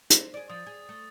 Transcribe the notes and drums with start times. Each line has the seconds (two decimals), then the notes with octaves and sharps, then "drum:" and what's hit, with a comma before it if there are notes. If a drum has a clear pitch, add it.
0.10 C5, drum: hi-hat
0.34 G#4 D5
0.50 F3 D#6 A6
0.66 G#4
0.89 A3